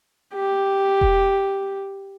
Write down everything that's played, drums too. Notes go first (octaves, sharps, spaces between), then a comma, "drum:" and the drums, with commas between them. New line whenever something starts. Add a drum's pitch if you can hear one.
G4
drum: kick E1